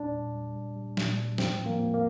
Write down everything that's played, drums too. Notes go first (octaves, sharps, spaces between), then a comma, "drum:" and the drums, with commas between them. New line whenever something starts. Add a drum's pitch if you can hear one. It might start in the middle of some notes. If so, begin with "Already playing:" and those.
Already playing: A#2 G3 D4
A#2
G3
G3
G3
A#2, drum: snare
G3
A2 C4, drum: snare
F3
A#3
F3
A#3